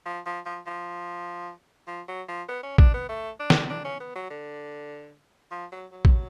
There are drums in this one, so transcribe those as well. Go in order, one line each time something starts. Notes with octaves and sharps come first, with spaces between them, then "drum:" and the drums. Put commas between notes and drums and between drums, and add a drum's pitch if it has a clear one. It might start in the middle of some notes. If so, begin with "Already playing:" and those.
F3
F3
F3
F3
F3
F#3
F3
B3
C#4
D4, drum: kick A1
B3
A3
D4
drum: snare
D4
C#4
B3
F#3
D3
F3
F#3
F#3
drum: kick A1